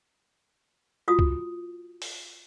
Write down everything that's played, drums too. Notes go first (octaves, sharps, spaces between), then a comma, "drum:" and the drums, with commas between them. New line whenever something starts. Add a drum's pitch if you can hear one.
F4 F#4 D#6
drum: kick
drum: open hi-hat